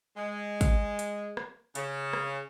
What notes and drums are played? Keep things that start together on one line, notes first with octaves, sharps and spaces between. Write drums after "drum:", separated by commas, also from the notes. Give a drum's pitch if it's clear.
G#3
drum: kick, hi-hat
drum: hi-hat
drum: rim click
C#3, drum: hi-hat
drum: rim click